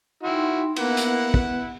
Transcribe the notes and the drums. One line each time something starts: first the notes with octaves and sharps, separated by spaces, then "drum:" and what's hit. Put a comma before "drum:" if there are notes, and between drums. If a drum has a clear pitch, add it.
D#4 E4 F#4 G5 C6
A#3 B3 E4 B4 F#5, drum: cymbal
drum: hi-hat
drum: kick